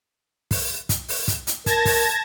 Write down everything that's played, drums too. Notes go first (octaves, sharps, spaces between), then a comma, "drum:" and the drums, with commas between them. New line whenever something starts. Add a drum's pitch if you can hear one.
drum: kick, open hi-hat
drum: kick, hi-hat
drum: open hi-hat
drum: kick, hi-hat
drum: hi-hat
A#4 A5 G#6 A#6, drum: kick, hi-hat
drum: kick, open hi-hat